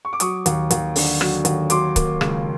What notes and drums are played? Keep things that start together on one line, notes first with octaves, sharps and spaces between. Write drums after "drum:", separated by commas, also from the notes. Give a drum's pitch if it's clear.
C#6
D6
F#3 C#6 D#6, drum: hi-hat
D#2, drum: hi-hat
D#2, drum: hi-hat
D3, drum: open hi-hat
F#3, drum: rim click
D#2, drum: hi-hat
F#3 C6 D6, drum: hi-hat
A#3, drum: kick C#1, hi-hat
C#2, drum: rim click